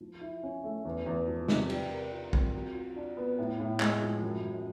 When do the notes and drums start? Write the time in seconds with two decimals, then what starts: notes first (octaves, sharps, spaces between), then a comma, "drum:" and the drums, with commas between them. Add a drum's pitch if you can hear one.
0.01 F3
0.21 E4
0.43 C#4
0.64 A3
0.85 E2
1.06 E2
1.27 F3
1.48 C3, drum: snare
1.70 G3, drum: cymbal
1.90 A#4
2.12 F4
2.33 C4, drum: kick
2.54 F#3
2.75 F4
2.96 D4
3.17 B3
3.39 A2
3.60 A2
3.80 G#3, drum: clap
4.02 F3
4.23 F#2
4.44 F#2